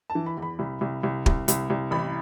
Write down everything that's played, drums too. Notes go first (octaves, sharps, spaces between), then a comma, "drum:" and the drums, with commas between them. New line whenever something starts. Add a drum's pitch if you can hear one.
A5
E3
B5
E2
B5
C2
C2
C2
C2, drum: kick
C2, drum: hi-hat
C2
A1 B5